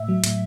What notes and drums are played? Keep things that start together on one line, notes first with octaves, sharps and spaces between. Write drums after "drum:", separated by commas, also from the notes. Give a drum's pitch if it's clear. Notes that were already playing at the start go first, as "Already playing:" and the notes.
Already playing: A2 E5
F#3
A2, drum: hi-hat